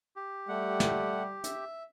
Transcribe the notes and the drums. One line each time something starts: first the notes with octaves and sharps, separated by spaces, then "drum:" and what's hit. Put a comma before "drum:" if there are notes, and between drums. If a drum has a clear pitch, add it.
G4
G3 A3 F#5
drum: snare
E5, drum: hi-hat